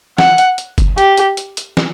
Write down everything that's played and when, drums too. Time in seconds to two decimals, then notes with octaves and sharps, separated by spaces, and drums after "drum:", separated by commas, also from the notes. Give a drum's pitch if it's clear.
0.18 F#5, drum: snare
0.38 drum: hi-hat
0.58 drum: hi-hat
0.78 drum: kick F#1, hi-hat
0.98 G4, drum: hi-hat
1.17 drum: hi-hat
1.37 drum: hi-hat
1.57 drum: hi-hat
1.77 drum: snare